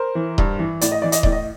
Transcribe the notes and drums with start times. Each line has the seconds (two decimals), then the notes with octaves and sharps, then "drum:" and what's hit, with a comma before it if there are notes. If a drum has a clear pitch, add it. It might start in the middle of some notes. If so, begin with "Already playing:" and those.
Already playing: A#4 C5
0.15 E3
0.38 G2, drum: kick D#1
0.59 E3
0.81 A2 D5, drum: hi-hat
0.92 D#5
1.02 E3 D5
1.12 D#5, drum: hi-hat
1.23 A2 D5, drum: kick D#1
1.32 D#5